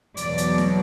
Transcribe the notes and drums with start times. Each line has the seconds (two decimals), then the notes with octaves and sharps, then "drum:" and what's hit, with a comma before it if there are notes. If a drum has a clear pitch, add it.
0.17 E2 B2 F#3 D5, drum: hi-hat
0.38 drum: hi-hat
0.58 drum: snare